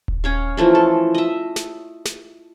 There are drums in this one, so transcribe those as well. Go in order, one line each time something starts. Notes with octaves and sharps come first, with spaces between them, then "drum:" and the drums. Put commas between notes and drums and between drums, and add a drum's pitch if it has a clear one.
drum: kick D#1
C#4 C#5 F5
E3 F3 A3 A#3
A4
D#5 E5
drum: snare
drum: snare